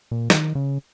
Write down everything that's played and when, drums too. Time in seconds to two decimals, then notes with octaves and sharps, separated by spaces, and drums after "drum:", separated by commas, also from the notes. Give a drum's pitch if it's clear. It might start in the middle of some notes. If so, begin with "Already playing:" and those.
0.11 A#2
0.30 D#3, drum: snare
0.55 C#3